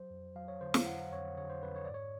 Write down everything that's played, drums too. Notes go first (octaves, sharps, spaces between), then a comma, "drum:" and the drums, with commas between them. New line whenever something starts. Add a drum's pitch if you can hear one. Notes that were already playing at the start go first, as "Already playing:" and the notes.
Already playing: F#3 C5
F2
F#3 F5
C#5
D3 C5
F5, drum: snare
F2 F#5
F2 C#5
D3 C#5
C5
F2 B4
C#5
G#2 D5
C#5